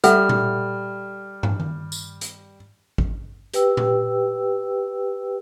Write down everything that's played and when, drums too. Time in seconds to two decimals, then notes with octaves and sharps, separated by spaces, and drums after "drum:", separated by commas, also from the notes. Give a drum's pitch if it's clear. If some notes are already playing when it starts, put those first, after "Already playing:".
0.04 G3 A4 E5 F#5 F6, drum: hi-hat
0.29 drum: tom A#2
1.43 drum: tom
1.60 drum: tom D#3
1.92 drum: tambourine
2.21 drum: hi-hat
2.98 drum: kick G#1
3.54 G4 B4 G5 E6, drum: hi-hat
3.77 drum: tom A#2